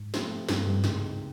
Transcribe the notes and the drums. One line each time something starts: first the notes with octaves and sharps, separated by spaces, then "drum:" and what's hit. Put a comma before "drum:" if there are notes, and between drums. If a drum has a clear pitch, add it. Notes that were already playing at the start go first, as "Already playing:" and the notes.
Already playing: G#2
C3 F3 A3 C4, drum: snare
G2 C3 F3 A3 C4, drum: snare
G2
C#2 G#2 C3 D#3 G#3, drum: snare